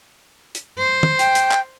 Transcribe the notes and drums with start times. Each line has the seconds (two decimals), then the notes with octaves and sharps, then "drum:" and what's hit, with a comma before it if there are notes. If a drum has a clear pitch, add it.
0.55 drum: hi-hat
0.78 C5
1.03 drum: tom
1.19 G5, drum: hi-hat
1.35 drum: hi-hat
1.51 drum: clap